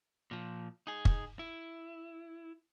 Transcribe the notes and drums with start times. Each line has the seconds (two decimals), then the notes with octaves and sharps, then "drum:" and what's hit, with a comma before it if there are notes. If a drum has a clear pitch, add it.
0.31 A#2 F3
0.87 D#4 G#4
1.05 drum: kick
1.39 E4